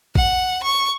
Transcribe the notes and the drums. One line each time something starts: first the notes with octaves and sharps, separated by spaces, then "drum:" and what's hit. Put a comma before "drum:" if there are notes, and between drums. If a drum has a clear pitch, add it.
F#5, drum: kick A1
C#6